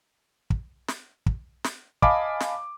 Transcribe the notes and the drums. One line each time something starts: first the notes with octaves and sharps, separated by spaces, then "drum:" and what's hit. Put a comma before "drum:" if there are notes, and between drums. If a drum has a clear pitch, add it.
drum: kick
drum: snare
drum: kick
drum: snare
D#5 F5 G#5 A5 B5 D6, drum: kick
drum: snare